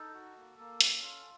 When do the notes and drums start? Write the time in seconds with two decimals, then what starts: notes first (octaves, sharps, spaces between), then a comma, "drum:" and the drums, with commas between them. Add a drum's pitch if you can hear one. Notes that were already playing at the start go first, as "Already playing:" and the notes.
Already playing: D#4 A4
0.14 F#4
0.37 A#3
0.59 A#3
0.81 C#4, drum: hi-hat
1.02 F4